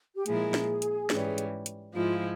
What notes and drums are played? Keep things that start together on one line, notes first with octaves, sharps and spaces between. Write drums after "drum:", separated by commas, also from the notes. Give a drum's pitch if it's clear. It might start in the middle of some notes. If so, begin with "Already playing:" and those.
G4
A#2 F3 G#3 E4 G#4 A#4, drum: hi-hat
drum: snare
drum: hi-hat
G#2 E3 G3 C#4, drum: snare
drum: hi-hat
drum: hi-hat
G#2 F3 G#3 E4 F4